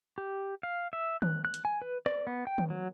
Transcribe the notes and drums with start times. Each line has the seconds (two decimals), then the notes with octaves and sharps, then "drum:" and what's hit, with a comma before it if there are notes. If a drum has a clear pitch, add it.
0.18 G4
0.63 F5
0.93 E5
1.22 F#6, drum: tom D#3
1.45 F#6
1.54 drum: hi-hat
1.65 G#5
1.82 B4
2.06 D5, drum: rim click
2.27 B3
2.47 G5
2.58 drum: tom D#3
2.70 F#3